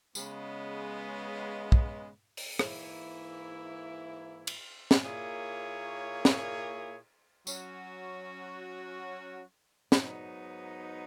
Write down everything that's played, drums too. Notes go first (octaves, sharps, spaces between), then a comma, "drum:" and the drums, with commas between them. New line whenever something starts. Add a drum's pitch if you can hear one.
C#3 G#3 B3, drum: tambourine
drum: kick
drum: open hi-hat
G#2 E3 A#3 E4, drum: rim click
drum: cymbal
drum: snare
A#2 A#3 E4 G#4 C#5
drum: snare
F#3 C#4 F#4, drum: tambourine
G#2 F#3 B3 D#4, drum: snare